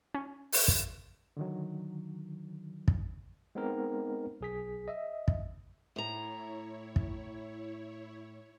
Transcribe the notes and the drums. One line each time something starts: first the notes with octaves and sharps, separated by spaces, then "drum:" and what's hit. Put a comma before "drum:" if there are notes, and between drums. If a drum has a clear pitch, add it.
C#4
drum: open hi-hat
drum: kick
D3 D#3 F#3
drum: kick
G#3 B3 C4 D#4 A#4
B1 G#4 B6
D#5 E5
drum: kick
A2 E4 C#5 A#5
drum: kick